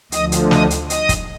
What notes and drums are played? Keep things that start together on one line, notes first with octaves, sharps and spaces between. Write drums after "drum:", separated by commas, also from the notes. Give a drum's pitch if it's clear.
D2 D3 F3 D#5 D#6, drum: hi-hat
drum: hi-hat
D#5 D#6, drum: snare
drum: hi-hat
D#5 D#6, drum: hi-hat
drum: kick, hi-hat